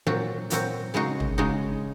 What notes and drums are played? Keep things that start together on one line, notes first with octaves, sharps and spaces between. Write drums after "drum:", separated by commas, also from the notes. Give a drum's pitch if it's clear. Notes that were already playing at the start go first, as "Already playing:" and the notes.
A#2 F#3 C4 F#4
A#2 F#3 C4 F#4, drum: hi-hat
C#3 G#3 D#4 F#4
drum: tom
C#3 G#3 D#4 F#4